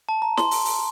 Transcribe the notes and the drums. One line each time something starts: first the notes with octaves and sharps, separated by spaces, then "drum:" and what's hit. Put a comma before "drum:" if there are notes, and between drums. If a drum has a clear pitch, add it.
A5
A#5
C6, drum: snare
drum: open hi-hat
drum: open hi-hat